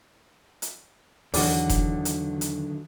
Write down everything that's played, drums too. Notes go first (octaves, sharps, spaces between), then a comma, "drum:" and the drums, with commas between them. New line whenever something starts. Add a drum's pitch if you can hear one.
drum: hi-hat
E2 D3 D#3 F#3 F#4 D5, drum: open hi-hat
drum: kick F1, hi-hat
drum: hi-hat
drum: hi-hat